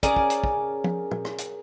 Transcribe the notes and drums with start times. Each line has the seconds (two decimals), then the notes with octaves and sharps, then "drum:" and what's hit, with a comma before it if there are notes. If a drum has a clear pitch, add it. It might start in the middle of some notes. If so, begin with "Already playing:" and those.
0.03 C#4 G#4 A#4 D5, drum: kick, hi-hat
0.16 drum: kick
0.30 drum: hi-hat
0.44 drum: kick
0.84 drum: tom
1.11 drum: tom
1.25 drum: rim click
1.38 drum: hi-hat